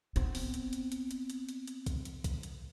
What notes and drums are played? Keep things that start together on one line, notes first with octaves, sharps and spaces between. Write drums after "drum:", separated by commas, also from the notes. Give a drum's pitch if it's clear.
B3 C4, drum: hi-hat
drum: open hi-hat
drum: hi-hat
drum: hi-hat
drum: hi-hat
drum: hi-hat
drum: hi-hat
drum: hi-hat
drum: hi-hat
drum: kick B1, hi-hat
drum: hi-hat
drum: kick B1, hi-hat
drum: hi-hat